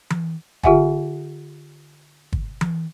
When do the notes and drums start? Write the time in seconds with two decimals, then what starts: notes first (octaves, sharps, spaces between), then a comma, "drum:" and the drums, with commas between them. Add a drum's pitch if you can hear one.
0.10 drum: tom E3
0.63 D3 F4 G4 E5 F#5 G#5, drum: kick
2.33 drum: kick
2.61 drum: tom E3